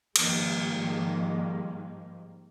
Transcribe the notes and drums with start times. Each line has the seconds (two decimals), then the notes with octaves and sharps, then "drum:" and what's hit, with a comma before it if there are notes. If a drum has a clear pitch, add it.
0.16 G#2 D#3 F3 G3 G#3 A#3, drum: cymbal